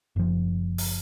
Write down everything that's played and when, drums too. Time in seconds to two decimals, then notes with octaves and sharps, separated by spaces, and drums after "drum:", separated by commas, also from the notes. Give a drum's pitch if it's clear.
0.16 F#1 F3
0.78 drum: open hi-hat